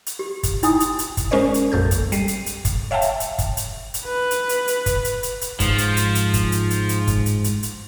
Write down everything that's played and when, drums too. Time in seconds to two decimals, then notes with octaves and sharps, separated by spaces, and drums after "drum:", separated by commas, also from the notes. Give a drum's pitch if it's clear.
0.06 drum: hi-hat
0.19 G4
0.43 drum: kick, hi-hat
0.63 D#4 E4 G#5 D#6, drum: hi-hat
0.80 drum: hi-hat
0.99 drum: hi-hat
1.17 drum: kick, hi-hat
1.31 G#3 C#4 A#4 C5 D5
1.54 drum: hi-hat
1.72 A#1 F#2 A4 G6
1.91 drum: kick, hi-hat
2.12 G3 C7 D#7, drum: hi-hat
2.28 drum: hi-hat
2.46 drum: hi-hat
2.65 drum: kick, hi-hat
2.91 C#5 E5 F5 G5 A5
3.02 drum: hi-hat
3.20 drum: hi-hat
3.39 drum: kick, hi-hat
3.57 drum: hi-hat
3.94 drum: hi-hat
4.06 B4
4.31 drum: hi-hat
4.49 drum: hi-hat
4.68 drum: hi-hat
4.86 drum: kick, hi-hat
5.05 drum: hi-hat
5.23 drum: hi-hat
5.41 drum: hi-hat
5.60 G#2 F3, drum: kick, hi-hat
5.78 drum: hi-hat
5.97 drum: hi-hat
6.15 drum: hi-hat
6.34 drum: kick, hi-hat
6.52 drum: hi-hat
6.71 drum: hi-hat
6.89 drum: hi-hat
7.07 drum: kick, hi-hat
7.26 drum: hi-hat
7.44 drum: hi-hat
7.63 drum: hi-hat